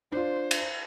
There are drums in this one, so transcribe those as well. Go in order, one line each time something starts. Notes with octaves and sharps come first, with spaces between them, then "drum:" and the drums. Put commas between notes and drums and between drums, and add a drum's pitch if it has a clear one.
D4 F4 C5
drum: cymbal